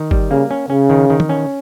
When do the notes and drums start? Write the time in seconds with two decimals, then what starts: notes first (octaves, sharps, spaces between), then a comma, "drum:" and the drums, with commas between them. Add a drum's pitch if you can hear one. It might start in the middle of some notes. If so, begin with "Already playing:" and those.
Already playing: D#3
0.11 G3, drum: kick G1
0.31 C#3 A#3
0.51 C#4
0.70 C#3 C#4
0.90 D#3
1.10 D#3
1.20 drum: tom
1.29 C#4